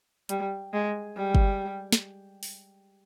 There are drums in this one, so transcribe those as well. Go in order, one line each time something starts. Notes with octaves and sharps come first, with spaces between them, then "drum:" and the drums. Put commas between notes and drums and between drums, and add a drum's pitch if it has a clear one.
G3, drum: hi-hat
G#3
G3
drum: kick G1
drum: snare
drum: open hi-hat